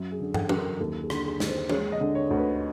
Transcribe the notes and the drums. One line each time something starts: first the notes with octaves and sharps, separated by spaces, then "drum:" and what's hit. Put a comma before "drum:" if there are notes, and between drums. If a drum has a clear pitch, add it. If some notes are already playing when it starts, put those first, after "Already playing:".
Already playing: F#2
G#4
D3
A4, drum: tom
F#2, drum: tom
A#4
D#2 A4
G#4
D3, drum: rim click
G#4
D#2, drum: snare
C5
G#3 C#5, drum: tom
D#5
D3
C#5
D2
B4